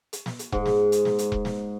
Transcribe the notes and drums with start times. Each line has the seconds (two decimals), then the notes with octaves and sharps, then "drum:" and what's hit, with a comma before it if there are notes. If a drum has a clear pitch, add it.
0.13 drum: hi-hat
0.26 drum: snare
0.39 drum: hi-hat
0.52 G#2, drum: kick E1
0.66 drum: snare
0.92 drum: hi-hat
1.05 drum: snare
1.19 drum: hi-hat
1.32 drum: kick E1
1.45 drum: snare